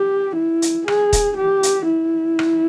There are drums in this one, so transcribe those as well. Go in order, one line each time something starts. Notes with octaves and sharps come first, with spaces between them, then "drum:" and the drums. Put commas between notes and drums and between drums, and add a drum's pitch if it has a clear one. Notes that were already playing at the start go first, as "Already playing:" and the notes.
Already playing: G4
E4
drum: hi-hat
G#4, drum: rim click
drum: kick D#1, hi-hat
G4
drum: hi-hat
E4
drum: rim click